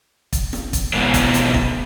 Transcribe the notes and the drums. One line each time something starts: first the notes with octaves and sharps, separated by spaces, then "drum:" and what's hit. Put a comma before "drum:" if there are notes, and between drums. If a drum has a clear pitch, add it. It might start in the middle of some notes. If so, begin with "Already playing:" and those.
drum: kick, hi-hat
drum: snare
drum: kick, hi-hat
G#2 B2
drum: kick, hi-hat
drum: hi-hat
drum: kick